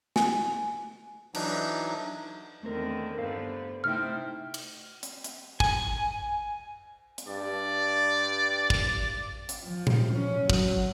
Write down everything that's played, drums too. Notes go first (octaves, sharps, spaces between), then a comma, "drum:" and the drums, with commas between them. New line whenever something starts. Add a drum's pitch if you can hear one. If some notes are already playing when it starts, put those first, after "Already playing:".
G#5, drum: snare
E3 F#3 D4 D#4, drum: cymbal
E2 D3 D#3 A3 C4 A#4
G2 D3 B3 A4 C5 F5
C3 A3 C4 D#4 E4 G5 F6
drum: cymbal
drum: hi-hat
drum: hi-hat
G#5, drum: kick
drum: hi-hat
G2 D5
drum: kick
drum: hi-hat
F3
drum: tom A#2
C#4
F#3, drum: kick